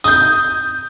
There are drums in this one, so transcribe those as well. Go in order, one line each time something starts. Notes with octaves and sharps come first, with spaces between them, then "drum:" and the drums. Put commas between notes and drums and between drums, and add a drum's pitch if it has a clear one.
D#6 G6, drum: tambourine